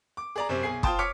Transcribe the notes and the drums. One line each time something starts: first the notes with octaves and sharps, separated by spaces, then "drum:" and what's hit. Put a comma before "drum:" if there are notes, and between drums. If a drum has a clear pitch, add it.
D6
G#4 D5 A#5
F#2 C3 C4
B1 G#4 G#5 C7
F4 C5 G5 A5 D#6, drum: kick
C#5 D6 F6 B6 C#7